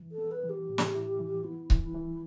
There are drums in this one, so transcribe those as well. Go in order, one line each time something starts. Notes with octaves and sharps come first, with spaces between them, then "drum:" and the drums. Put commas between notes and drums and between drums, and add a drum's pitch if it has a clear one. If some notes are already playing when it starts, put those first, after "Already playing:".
Already playing: E3
A4
B3
B4
E3
G4
A2
drum: snare
E4
E3
B3 E4
E3, drum: kick C#1
E4
E3